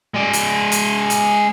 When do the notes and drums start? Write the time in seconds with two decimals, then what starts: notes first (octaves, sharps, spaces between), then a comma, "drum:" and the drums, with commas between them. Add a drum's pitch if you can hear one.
0.14 G#3 D5
0.33 drum: hi-hat
0.72 drum: hi-hat
1.10 drum: hi-hat